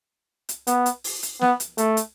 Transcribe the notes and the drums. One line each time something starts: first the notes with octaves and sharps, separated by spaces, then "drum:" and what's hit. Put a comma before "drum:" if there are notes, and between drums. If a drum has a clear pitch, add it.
drum: hi-hat
B3, drum: hi-hat
drum: hi-hat
drum: open hi-hat
drum: hi-hat
B3, drum: snare
drum: hi-hat
A3, drum: hi-hat
drum: hi-hat